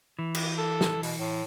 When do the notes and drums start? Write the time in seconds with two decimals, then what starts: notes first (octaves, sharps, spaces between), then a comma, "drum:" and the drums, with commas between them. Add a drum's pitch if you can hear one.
0.19 E3
0.35 drum: cymbal
0.58 A4
0.81 drum: snare
1.03 B2, drum: open hi-hat
1.19 A2